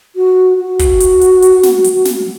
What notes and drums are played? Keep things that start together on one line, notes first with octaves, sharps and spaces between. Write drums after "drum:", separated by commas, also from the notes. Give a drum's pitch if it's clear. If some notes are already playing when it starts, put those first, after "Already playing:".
F#4
F#4
drum: kick, hi-hat
drum: hi-hat
drum: hi-hat
drum: hi-hat
drum: snare
drum: hi-hat
drum: snare